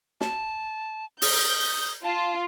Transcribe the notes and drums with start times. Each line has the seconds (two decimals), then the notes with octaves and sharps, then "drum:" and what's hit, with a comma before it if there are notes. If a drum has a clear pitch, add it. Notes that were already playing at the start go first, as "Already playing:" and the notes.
0.21 A5, drum: snare
1.22 D#6 G6, drum: open hi-hat
2.04 F4 A5